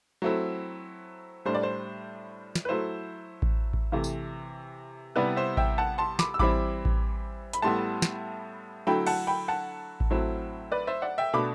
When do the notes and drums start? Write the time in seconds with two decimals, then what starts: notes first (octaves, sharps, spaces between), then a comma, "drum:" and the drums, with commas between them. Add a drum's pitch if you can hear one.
0.22 F#3 A3 C4 E4
1.45 A2 G3 D4 C5
1.55 D5
1.63 C5
2.55 drum: snare
2.65 B4
2.69 F#3 A3 E4 C5
3.42 drum: kick A1
3.73 drum: kick A1
3.92 C3 E3 A3
4.04 drum: tambourine
5.16 C3 G3 B3 E4 B4 D5
5.36 C5 E5
5.57 E5 G5, drum: kick A1
5.78 F#5 A5
5.98 A5 C6
6.19 B5 D6, drum: snare
6.34 E6
6.39 E3 G3 C4 E4 B5 D6, drum: kick A1
6.85 drum: kick A1
7.53 B5, drum: hi-hat
7.62 A2 G3 B3 E4 A5 C6
8.02 drum: snare
8.87 D3 F#3 A3 E4 G5 B5
9.07 F#5 A5, drum: cymbal
9.27 G5 B5
9.48 F#5 A5
10.00 drum: kick A1
10.10 A2 F#3 C4 E4
10.72 B4 D5
10.87 C5 E5
11.02 D5 F#5
11.18 E5 G5
11.33 B2 A3 D4 B5 D6